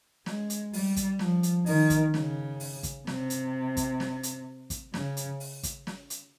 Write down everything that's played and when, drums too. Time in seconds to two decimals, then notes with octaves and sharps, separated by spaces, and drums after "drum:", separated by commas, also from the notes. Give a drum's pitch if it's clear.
0.26 G#3, drum: snare
0.50 drum: hi-hat
0.73 G3, drum: open hi-hat
0.96 drum: kick, hi-hat
1.19 F3, drum: snare
1.43 drum: hi-hat
1.66 D#3, drum: open hi-hat
1.90 drum: kick, hi-hat
2.14 C#3, drum: snare
2.60 drum: open hi-hat
2.83 drum: kick, hi-hat
3.07 C3, drum: snare
3.30 drum: hi-hat
3.77 drum: kick, hi-hat
4.00 drum: snare
4.23 drum: hi-hat
4.70 drum: kick, hi-hat
4.94 C#3, drum: snare
5.17 drum: hi-hat
5.40 drum: open hi-hat
5.63 drum: kick, hi-hat
5.87 drum: snare
6.10 drum: hi-hat